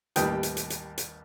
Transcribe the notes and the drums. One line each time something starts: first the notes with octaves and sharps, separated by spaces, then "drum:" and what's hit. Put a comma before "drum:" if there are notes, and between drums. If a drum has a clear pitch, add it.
A1 D#2 G3 B4 G5 D#6, drum: hi-hat
drum: hi-hat
drum: hi-hat
drum: hi-hat
drum: hi-hat